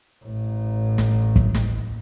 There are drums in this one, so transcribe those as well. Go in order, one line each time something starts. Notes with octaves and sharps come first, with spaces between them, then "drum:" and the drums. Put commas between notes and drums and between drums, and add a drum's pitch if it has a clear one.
A1 A2
drum: snare
drum: kick
drum: snare